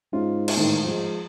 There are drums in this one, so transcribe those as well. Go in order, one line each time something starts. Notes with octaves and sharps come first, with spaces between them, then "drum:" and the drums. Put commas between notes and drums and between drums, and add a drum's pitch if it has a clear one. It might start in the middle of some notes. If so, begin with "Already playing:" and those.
G#2 C#4 F4
drum: cymbal
A2 D#3 A#3
F3 G#3